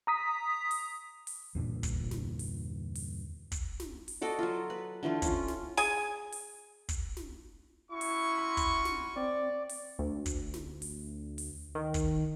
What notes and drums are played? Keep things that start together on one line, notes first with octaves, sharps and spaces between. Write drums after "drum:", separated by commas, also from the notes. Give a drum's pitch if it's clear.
A#5 D#6 B6
drum: open hi-hat
drum: open hi-hat
E2 G2 A#2 D3
drum: kick, hi-hat
drum: snare
drum: open hi-hat
drum: open hi-hat
drum: kick, hi-hat
drum: snare
drum: open hi-hat
F#4 A4 D5 D#5
F#3 F4
B4
D3 E3 A3 F4
C#4 F4, drum: kick, hi-hat
drum: snare
G#4 G#5, drum: open hi-hat
drum: open hi-hat
drum: kick, hi-hat
drum: snare
C#4 E4 F#4 C#6
drum: open hi-hat
B5 C6
drum: kick, hi-hat
drum: snare
C4 D5
drum: open hi-hat
D2
drum: kick, hi-hat
drum: snare
drum: open hi-hat
drum: open hi-hat
D#3
drum: kick, hi-hat